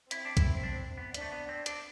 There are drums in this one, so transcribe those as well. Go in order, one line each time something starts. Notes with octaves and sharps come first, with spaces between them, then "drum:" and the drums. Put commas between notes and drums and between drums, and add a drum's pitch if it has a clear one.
C4 E4, drum: hi-hat
D4
E4, drum: kick B1, hi-hat
D4
B3
D4, drum: hi-hat
A3
B3
C4
D4, drum: hi-hat